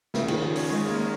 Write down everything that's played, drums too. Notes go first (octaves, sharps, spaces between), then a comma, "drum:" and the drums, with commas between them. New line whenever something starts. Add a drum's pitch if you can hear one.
C#3, drum: snare
D#3, drum: cymbal
F3
C#4, drum: open hi-hat
G#3
A#3